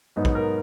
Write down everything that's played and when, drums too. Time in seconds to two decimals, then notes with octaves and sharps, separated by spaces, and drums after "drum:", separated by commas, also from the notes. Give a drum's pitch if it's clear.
0.16 G#2 F#3 B3 D#4
0.25 drum: kick
0.35 A#4